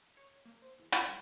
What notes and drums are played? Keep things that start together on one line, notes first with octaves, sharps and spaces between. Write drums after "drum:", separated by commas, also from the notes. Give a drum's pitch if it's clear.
C#5
A#3
C5
E2
A#4, drum: hi-hat
G3